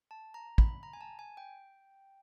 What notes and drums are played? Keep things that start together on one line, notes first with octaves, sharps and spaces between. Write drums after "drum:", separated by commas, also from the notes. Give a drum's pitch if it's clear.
A5
A#5
B5, drum: kick
A#5
G#5
A5
G#5
G5